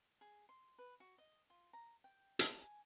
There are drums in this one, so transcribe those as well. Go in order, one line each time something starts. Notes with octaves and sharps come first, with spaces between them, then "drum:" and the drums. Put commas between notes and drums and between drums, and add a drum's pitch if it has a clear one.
G#4
C6
B4
F#4
D#5
F4
A#5
G5
A5, drum: hi-hat
G#5